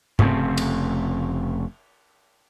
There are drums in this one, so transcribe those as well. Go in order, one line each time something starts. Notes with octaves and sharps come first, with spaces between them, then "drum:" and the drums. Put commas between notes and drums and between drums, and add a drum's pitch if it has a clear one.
F1 C#3 A3 C4, drum: tom G#2
drum: cymbal